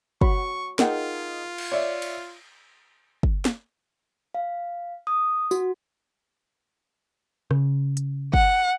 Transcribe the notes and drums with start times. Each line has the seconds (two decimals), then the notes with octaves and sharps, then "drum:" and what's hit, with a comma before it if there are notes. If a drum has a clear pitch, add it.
0.21 F#4 C#5 B5 C#6, drum: kick
0.79 D#4 F4 G#4 A#4 F#5 G5, drum: snare
1.58 drum: cymbal
1.71 C#5 D5 E5
2.02 drum: cymbal
3.23 drum: kick
3.45 drum: snare
4.35 F5
5.07 D#6
5.51 F#4, drum: tambourine
7.51 C#3, drum: rim click
7.97 drum: hi-hat
8.34 F#5, drum: kick